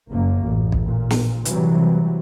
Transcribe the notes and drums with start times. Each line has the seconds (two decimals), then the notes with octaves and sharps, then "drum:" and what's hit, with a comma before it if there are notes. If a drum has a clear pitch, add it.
0.11 F#1 F#2 A#3
0.43 A1
0.72 drum: kick B1
0.83 A#2
1.10 drum: snare
1.45 C3 E3 F#3 G3, drum: hi-hat